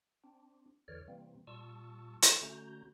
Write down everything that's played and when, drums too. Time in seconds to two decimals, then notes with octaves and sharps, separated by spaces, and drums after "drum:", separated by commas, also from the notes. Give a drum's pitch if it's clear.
0.24 C4 D4
0.88 E2 D3 E3 C#5 D5 F6
1.08 C3 E3 G3 A#3 C4
1.47 A#2 G3 F4 A5 C#6 E6
2.22 drum: hi-hat
2.42 D3 A3 C#4 F#4 A#5 G6